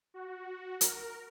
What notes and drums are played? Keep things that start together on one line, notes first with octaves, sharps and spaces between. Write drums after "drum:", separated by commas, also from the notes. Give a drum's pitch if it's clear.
F#4
A#4, drum: hi-hat